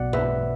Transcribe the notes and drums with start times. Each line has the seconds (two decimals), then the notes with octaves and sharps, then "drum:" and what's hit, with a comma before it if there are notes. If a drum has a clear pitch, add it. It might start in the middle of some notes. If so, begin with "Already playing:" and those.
Already playing: B1 B2 D5 F#5
0.13 B4 E5, drum: tom G2